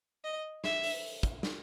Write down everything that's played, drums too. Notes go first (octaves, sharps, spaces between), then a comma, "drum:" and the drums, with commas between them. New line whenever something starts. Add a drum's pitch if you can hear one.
D#5
E5, drum: snare
drum: open hi-hat
drum: kick, hi-hat
drum: snare